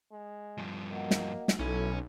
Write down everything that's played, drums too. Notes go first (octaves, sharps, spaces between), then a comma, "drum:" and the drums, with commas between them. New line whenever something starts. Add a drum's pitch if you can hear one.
G#3
G2 F3
A#3 F#4 D#5 F#5
drum: snare
drum: snare
B1 C#4 E4 A4